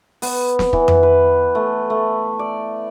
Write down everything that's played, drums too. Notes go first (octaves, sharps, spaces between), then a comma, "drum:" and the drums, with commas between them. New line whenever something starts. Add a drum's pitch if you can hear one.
B3, drum: open hi-hat
drum: snare
E3, drum: kick
drum: tom F2
B4
A3
A3
D5